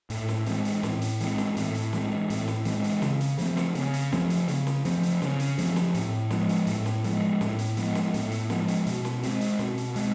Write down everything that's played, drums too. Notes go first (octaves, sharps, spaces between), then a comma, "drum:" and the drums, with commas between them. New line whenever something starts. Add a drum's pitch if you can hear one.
A2, drum: hi-hat
drum: snare
E3 G#3 C4, drum: hi-hat
drum: hi-hat
A2, drum: snare
drum: hi-hat
E3 G#3 C4, drum: hi-hat
drum: snare
A2, drum: hi-hat
drum: hi-hat
E3 G#3 C4, drum: snare
A2, drum: hi-hat
drum: snare
E3 G#3 C4, drum: hi-hat
drum: hi-hat
C#3, drum: snare
drum: hi-hat
F3 A3 C4, drum: hi-hat
drum: snare
C#3, drum: hi-hat
drum: hi-hat
F3 A3 C4, drum: snare
drum: hi-hat
C#3, drum: hi-hat
drum: snare
F3 A3 C4, drum: hi-hat
drum: hi-hat
C#3, drum: snare
drum: hi-hat
F3 A3 C4, drum: hi-hat
drum: snare
A2, drum: hi-hat
F3 G#3 B3, drum: snare
drum: hi-hat
A2, drum: hi-hat
drum: snare
F3 G#3 B3, drum: hi-hat
A2, drum: snare
drum: hi-hat
F3 G#3 B3, drum: hi-hat
drum: snare
A2, drum: hi-hat
drum: hi-hat
F3 G#3 B3, drum: snare
drum: hi-hat
B2, drum: hi-hat
drum: snare
G#3 C4, drum: hi-hat
drum: hi-hat
B2, drum: snare
drum: hi-hat
G#3 C4, drum: hi-hat